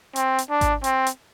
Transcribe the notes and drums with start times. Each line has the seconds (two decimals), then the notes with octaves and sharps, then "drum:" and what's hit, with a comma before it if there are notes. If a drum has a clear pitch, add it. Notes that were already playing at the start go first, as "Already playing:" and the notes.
0.16 C4, drum: hi-hat
0.38 drum: hi-hat
0.50 D4
0.61 drum: kick G#1, hi-hat
0.84 C4, drum: hi-hat
1.07 drum: hi-hat